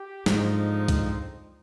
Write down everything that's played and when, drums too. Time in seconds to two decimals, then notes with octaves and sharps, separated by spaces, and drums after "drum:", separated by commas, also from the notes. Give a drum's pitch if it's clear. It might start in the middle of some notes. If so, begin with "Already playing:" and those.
Already playing: G4
0.26 G#2 D3 F3 C4 D#4, drum: snare
0.88 drum: kick C2, hi-hat